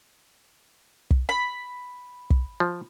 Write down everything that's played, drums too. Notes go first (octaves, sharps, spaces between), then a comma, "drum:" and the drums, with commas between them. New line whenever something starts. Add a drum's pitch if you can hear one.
drum: kick
B5
drum: kick
F3